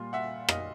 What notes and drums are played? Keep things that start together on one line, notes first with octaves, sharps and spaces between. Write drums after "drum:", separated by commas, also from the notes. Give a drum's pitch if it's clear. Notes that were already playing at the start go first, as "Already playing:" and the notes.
Already playing: A#2 G3 F4
E5 F#5
D#5 F5, drum: rim click